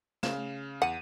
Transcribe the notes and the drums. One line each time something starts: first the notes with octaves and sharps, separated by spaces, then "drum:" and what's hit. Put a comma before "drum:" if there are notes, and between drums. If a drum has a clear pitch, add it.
C#3 F5 E7, drum: snare
E2 F#5 D#7